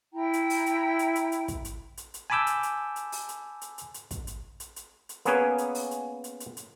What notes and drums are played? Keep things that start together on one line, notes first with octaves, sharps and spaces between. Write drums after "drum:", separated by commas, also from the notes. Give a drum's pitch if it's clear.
E4 G5 A#5
drum: hi-hat
drum: open hi-hat
drum: hi-hat
drum: hi-hat
drum: hi-hat
drum: hi-hat
drum: kick, hi-hat
drum: hi-hat
drum: hi-hat
drum: hi-hat
G#5 A5 B5 D6 E6 G6
drum: hi-hat
drum: hi-hat
drum: hi-hat
drum: open hi-hat
drum: hi-hat
drum: hi-hat
drum: hi-hat
drum: hi-hat
drum: kick, hi-hat
drum: hi-hat
drum: hi-hat
drum: hi-hat
drum: hi-hat
A#3 B3 C#4 G#4 B4 C#5, drum: hi-hat
drum: hi-hat
drum: open hi-hat
drum: hi-hat
drum: hi-hat
drum: hi-hat
drum: hi-hat